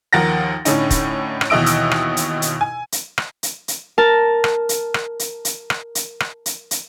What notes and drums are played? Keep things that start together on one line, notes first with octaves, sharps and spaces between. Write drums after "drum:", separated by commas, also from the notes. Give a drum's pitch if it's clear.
D#2 F3 A#4 F#5 A6 A#6
A2 D3 C#4 D#4, drum: hi-hat
drum: kick, hi-hat
drum: rim click
D#2 B2 E3 D#5 E6 D7
drum: hi-hat
drum: rim click
drum: hi-hat
drum: hi-hat
G#5
drum: hi-hat
drum: rim click
drum: hi-hat
drum: hi-hat
A#4 A5
drum: rim click
drum: hi-hat
drum: rim click
drum: hi-hat
drum: hi-hat
drum: rim click
drum: hi-hat
drum: rim click
drum: hi-hat
drum: hi-hat